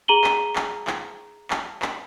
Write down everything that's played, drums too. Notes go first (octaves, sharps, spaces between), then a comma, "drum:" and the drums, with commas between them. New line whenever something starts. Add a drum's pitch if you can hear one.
G#4 A#5 D#7 F#7 G7
drum: clap
drum: clap
drum: clap
drum: clap
drum: clap